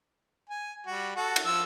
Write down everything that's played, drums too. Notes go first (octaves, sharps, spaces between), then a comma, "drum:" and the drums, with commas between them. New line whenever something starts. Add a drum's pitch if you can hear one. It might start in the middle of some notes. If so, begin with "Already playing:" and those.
G#5
G3 F#4
F#4 A4
drum: cymbal
F3 E6